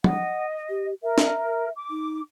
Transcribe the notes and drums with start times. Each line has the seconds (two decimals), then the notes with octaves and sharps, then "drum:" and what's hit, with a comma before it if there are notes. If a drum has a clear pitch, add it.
0.04 D#5 F#5, drum: tom
0.69 G4
1.02 A#4 E5
1.18 drum: snare
1.75 D6
1.90 D#4